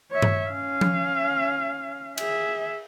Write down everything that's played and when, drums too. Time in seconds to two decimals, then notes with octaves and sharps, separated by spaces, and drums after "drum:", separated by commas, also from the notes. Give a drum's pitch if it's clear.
0.11 C#5 E5
0.22 drum: tom G2
0.50 C#4 F5
0.81 drum: tom F3
2.18 G#4 E5, drum: cymbal